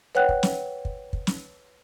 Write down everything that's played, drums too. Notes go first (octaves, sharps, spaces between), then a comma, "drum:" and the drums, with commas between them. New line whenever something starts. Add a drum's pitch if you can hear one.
B4 C#5 F#5 G5 F#6
drum: kick
drum: snare
drum: kick
drum: kick
drum: snare